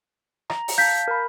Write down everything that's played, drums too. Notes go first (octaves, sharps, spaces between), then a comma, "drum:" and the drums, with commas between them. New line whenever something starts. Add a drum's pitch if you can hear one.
A#5, drum: rim click
drum: open hi-hat
F5 A5 G6 B6
A#4 B5